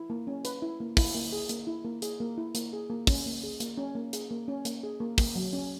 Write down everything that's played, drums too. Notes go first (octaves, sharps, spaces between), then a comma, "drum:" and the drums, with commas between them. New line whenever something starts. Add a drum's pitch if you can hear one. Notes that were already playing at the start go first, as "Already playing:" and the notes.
Already playing: E4
A#3
C#4
B4, drum: hi-hat
E4
A#3
E4, drum: kick, open hi-hat
A#3
G#4
A#3, drum: hi-hat
E4
A#3
G#4, drum: hi-hat
A#3
E4
A#3, drum: hi-hat
G#4
A#3
C#4, drum: kick, open hi-hat
A#3
G#4
A#3, drum: hi-hat
C#4
A#3
G#4, drum: hi-hat
A#3
C#4
A#3, drum: hi-hat
G#4
A#3
A#3, drum: kick, open hi-hat
F#3
C#4